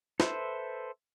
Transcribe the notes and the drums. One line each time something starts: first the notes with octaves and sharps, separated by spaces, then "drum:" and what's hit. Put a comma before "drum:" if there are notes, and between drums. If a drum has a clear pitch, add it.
A4 B4 C5 E5, drum: snare